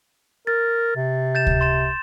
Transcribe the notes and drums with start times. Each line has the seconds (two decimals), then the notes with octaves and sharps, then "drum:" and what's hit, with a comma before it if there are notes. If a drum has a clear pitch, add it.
0.47 A#4 A6
0.96 C3
1.35 G6 A6 E7
1.47 drum: kick C#2
1.61 C6 A6 E7